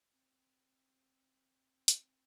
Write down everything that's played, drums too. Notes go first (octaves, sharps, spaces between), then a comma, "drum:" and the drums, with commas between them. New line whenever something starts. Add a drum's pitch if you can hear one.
C4
drum: hi-hat
C4